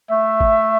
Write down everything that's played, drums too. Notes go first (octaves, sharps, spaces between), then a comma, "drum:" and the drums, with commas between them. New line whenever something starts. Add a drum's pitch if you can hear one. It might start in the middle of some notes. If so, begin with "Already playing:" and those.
A3 E5
drum: kick G#1